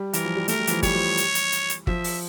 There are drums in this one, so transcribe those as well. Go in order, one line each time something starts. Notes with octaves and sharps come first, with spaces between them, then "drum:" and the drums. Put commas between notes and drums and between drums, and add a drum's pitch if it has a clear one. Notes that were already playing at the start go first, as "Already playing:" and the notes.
Already playing: G3
E3 A#4, drum: hi-hat
F3
G3
A3 A#4, drum: hi-hat
G3
E3, drum: hi-hat
F3
G3 C#5, drum: kick G1, hi-hat
F3
drum: hi-hat
drum: hi-hat
drum: hi-hat
drum: hi-hat
F3 E5, drum: kick G1
drum: open hi-hat